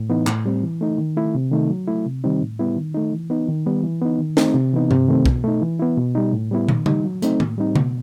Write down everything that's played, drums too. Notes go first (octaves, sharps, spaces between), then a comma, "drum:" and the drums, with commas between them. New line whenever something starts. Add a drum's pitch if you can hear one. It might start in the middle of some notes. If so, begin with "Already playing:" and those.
Already playing: A2
E3 B3 D#4
A2, drum: clap
G3 C4
E3
A3 D#4
D#3
A3 E4
C3
D#3 A3 D#4
F#3
A3 E4
C3
D#3 G3 C4 D#4
A2
G3 B3 E4
D#3
A3 D#4
E3
B3 D#4
D#3
G3 B3
E3
B3 D#4
D#3
A3 C4 D#4, drum: snare
C3
E3 B3 D#4
C3, drum: tom G2
D#3 A3 C4
B2, drum: kick B1
A3 D#4
E3
B3 E4
B2
G3 D#4
A2
G3 B3 E4
D#3, drum: tom
G3 D#4, drum: tom C#3
F#3
A3 C4 D#4, drum: hi-hat
A2, drum: tom D#3
G3 C4 D#4
B2, drum: tom C#3